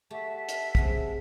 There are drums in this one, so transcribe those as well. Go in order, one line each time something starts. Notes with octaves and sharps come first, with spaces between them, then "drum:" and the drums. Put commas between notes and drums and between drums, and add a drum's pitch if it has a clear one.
A3 G4 E5 F#5 A5
drum: hi-hat
C3 G#3 C4, drum: kick